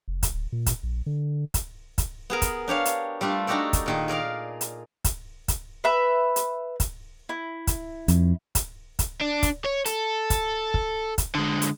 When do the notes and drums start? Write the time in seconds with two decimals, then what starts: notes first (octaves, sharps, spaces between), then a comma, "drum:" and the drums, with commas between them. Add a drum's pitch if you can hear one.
0.08 F1
0.23 drum: kick, hi-hat
0.34 D1
0.52 A#2
0.66 drum: kick, hi-hat
0.83 A#1
1.06 D3
1.54 drum: kick, hi-hat
1.98 drum: kick, hi-hat
2.30 B3 G#4 A#4
2.42 drum: kick, hi-hat
2.68 D4 G4 C#5 F5
2.85 drum: hi-hat
3.21 G3 A3 D4 F4
3.47 D4 D#4 F#4 G4 A4 D5
3.73 drum: kick, hi-hat
3.86 A#2 D#3 G#4
4.08 G#4 A#4 D5 F5
4.61 drum: hi-hat
5.04 drum: kick, hi-hat
5.48 drum: kick, hi-hat
5.84 B4 E5 B5
6.36 drum: hi-hat
6.80 drum: kick, hi-hat
7.29 E4
7.67 drum: kick, hi-hat
8.08 F2, drum: hi-hat
8.55 drum: kick, hi-hat
8.99 drum: kick, hi-hat
9.21 D4
9.43 drum: kick, hi-hat
9.64 C#5
9.86 A4, drum: hi-hat
10.30 drum: kick, hi-hat
10.74 drum: kick
11.18 drum: kick, hi-hat
11.35 D3 G#3
11.62 drum: hi-hat